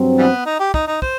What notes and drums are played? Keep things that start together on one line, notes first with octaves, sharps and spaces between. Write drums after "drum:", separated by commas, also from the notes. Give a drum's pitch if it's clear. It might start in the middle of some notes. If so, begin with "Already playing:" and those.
Already playing: G2 F#3 C4
E3 G3 B3
D#4
G4
D#4, drum: kick
D#4
C5, drum: kick